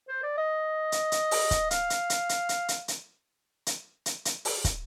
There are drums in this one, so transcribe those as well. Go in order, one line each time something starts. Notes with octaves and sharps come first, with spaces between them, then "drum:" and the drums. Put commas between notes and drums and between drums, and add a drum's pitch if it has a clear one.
C5
D5
D#5
drum: hi-hat
drum: hi-hat
drum: open hi-hat
drum: kick, hi-hat
F5, drum: hi-hat
drum: hi-hat
drum: hi-hat
drum: hi-hat
drum: hi-hat
drum: hi-hat
drum: hi-hat
drum: hi-hat
drum: hi-hat
drum: hi-hat
drum: open hi-hat
drum: kick, hi-hat